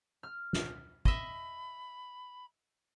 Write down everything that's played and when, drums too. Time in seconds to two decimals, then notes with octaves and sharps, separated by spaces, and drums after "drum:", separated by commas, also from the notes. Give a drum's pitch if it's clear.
0.23 F6
0.53 drum: snare
1.05 D#5 E5 B5, drum: kick